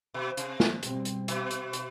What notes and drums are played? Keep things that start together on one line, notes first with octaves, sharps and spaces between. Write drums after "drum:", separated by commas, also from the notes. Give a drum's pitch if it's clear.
B2
C3, drum: hi-hat
drum: snare
B2 G3 C4, drum: hi-hat
drum: hi-hat
B2, drum: hi-hat
drum: hi-hat
drum: hi-hat